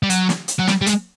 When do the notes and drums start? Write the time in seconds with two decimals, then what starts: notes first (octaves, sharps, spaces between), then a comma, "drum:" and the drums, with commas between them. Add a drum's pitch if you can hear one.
0.03 G3
0.10 F#3, drum: hi-hat
0.29 drum: snare
0.48 drum: hi-hat
0.59 F#3
0.67 G3, drum: snare
0.81 G3
0.86 G#3, drum: hi-hat